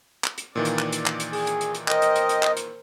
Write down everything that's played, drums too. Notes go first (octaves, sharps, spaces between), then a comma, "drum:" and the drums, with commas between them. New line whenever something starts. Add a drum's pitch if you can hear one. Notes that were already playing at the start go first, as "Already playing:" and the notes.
drum: clap
drum: hi-hat
A#2 D#3 E3 D5
drum: hi-hat
drum: clap
drum: hi-hat
drum: clap
drum: hi-hat
G#4, drum: open hi-hat
drum: hi-hat
drum: hi-hat
drum: hi-hat
A#4 C5 D#5 G5, drum: clap
drum: hi-hat
drum: hi-hat
drum: hi-hat
drum: clap
drum: hi-hat